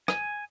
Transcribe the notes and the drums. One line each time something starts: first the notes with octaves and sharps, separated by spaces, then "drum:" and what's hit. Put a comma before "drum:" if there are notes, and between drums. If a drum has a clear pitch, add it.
G#5, drum: rim click